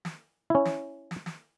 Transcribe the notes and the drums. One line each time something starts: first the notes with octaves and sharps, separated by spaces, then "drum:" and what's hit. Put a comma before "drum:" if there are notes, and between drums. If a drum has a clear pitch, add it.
drum: snare
C#4 E4
drum: snare
drum: snare
drum: snare